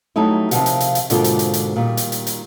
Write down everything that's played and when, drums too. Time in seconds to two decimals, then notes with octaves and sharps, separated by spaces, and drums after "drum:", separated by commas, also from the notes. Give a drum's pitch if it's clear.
0.16 F#3 G3 A3 D#4 E4
0.51 C3 D#3 F3 F#3 F5 F#5, drum: hi-hat
0.66 drum: hi-hat
0.80 drum: hi-hat
0.95 drum: hi-hat
1.10 G#2 B2 D3 A#3 C4 F4, drum: hi-hat
1.24 drum: hi-hat
1.39 drum: hi-hat
1.54 drum: hi-hat
1.76 A#2 D#3 G3
1.97 drum: hi-hat
2.12 drum: hi-hat
2.27 drum: hi-hat